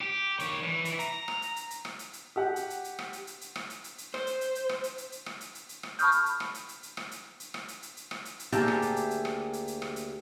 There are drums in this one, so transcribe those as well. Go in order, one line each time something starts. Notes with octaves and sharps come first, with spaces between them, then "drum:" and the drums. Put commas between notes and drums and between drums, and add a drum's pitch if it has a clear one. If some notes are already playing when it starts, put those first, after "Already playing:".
G4
D#3 C#5, drum: hi-hat
E3
drum: hi-hat
A#5, drum: hi-hat
drum: rim click
drum: hi-hat
drum: hi-hat
drum: hi-hat
drum: rim click
drum: hi-hat
drum: hi-hat
G4 F#5
drum: hi-hat
drum: hi-hat
drum: hi-hat
drum: rim click
drum: hi-hat
drum: hi-hat
drum: hi-hat
drum: rim click
drum: hi-hat
drum: hi-hat
drum: hi-hat
C5, drum: rim click
drum: hi-hat
drum: hi-hat
drum: hi-hat
drum: rim click
drum: hi-hat
drum: hi-hat
drum: hi-hat
drum: rim click
drum: hi-hat
drum: hi-hat
drum: hi-hat
drum: rim click
A5 B5 C#6 D#6 F6 G6, drum: hi-hat
drum: hi-hat
drum: hi-hat
drum: rim click
drum: hi-hat
drum: hi-hat
drum: hi-hat
drum: rim click
drum: hi-hat
drum: hi-hat
drum: rim click
drum: hi-hat
drum: hi-hat
drum: hi-hat
drum: rim click
drum: hi-hat
drum: hi-hat
D2 A#3 G4 G#4 E5 A5, drum: hi-hat
drum: rim click
drum: hi-hat
drum: hi-hat
drum: hi-hat
drum: rim click
drum: hi-hat
drum: hi-hat
drum: rim click
drum: hi-hat